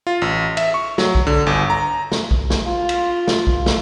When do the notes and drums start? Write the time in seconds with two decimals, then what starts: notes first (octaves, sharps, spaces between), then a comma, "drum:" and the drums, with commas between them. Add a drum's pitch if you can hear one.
0.07 F4
0.22 A1
0.57 E5, drum: cymbal
0.74 C#6
0.98 F#3, drum: snare
1.15 drum: kick B1
1.27 D3
1.47 G1
1.70 A#5
2.12 drum: snare
2.31 drum: kick B1
2.50 drum: snare
2.68 F4
2.89 drum: cymbal
3.28 drum: snare
3.47 drum: kick B1
3.66 drum: snare